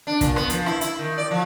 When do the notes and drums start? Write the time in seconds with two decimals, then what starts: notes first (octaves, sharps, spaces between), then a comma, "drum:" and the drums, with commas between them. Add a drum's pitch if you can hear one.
0.07 D4
0.21 A#2, drum: kick, hi-hat
0.36 B3, drum: rim click
0.50 F3, drum: hi-hat
0.66 E4, drum: rim click
0.81 E4, drum: hi-hat
0.99 D#3
1.18 D5
1.31 F3